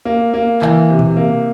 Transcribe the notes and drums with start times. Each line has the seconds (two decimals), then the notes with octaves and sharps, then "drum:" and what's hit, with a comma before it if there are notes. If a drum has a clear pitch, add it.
0.05 A#3
0.34 A#3
0.62 E3, drum: clap
0.90 C3
0.99 drum: tom A#2
1.17 A#3